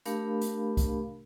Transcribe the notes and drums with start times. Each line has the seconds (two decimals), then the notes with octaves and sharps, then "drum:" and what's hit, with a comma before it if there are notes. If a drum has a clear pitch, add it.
0.05 A3 D4 G4 A#4 F5 B5, drum: hi-hat
0.41 drum: hi-hat
0.77 drum: kick C2, hi-hat